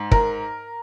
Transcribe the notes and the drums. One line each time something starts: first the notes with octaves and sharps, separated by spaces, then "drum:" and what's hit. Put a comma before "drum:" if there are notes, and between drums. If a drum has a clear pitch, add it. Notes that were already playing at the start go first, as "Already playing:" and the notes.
Already playing: G#2
A#4, drum: kick